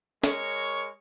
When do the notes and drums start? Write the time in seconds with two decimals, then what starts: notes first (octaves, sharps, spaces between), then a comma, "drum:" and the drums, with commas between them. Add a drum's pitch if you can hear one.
0.24 G#3 A#4 C#5 C#6, drum: snare